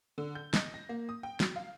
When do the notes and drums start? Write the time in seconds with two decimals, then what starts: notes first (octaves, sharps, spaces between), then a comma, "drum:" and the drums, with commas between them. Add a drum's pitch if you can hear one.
0.18 D3
0.35 G6
0.54 D#5, drum: snare
0.74 A#6
0.89 A#3
1.09 D#6
1.23 G5
1.40 F#3, drum: snare
1.56 F5